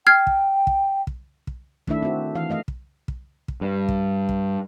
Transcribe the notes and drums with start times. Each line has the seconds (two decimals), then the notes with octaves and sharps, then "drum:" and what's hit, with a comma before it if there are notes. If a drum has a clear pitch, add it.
0.07 G5 F6 G#6 C7
0.27 drum: kick
0.67 drum: kick
1.07 drum: kick
1.47 drum: kick
1.87 D#3 A3 D4 E4 E5, drum: kick
2.02 C4 F#4
2.35 E3 F5
2.50 A3 D#5 F5
2.68 drum: kick
3.08 drum: kick
3.48 drum: kick
3.61 G2
3.89 drum: kick
4.29 drum: kick